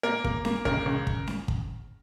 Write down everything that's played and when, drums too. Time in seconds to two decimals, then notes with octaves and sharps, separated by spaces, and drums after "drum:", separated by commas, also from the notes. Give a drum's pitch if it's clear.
0.03 A#3 A#4
0.24 A#3, drum: kick
0.45 A#3, drum: snare C#4
0.65 C#2 A#4, drum: kick
0.86 C#2
1.07 drum: kick
1.27 drum: snare C#4
1.48 drum: kick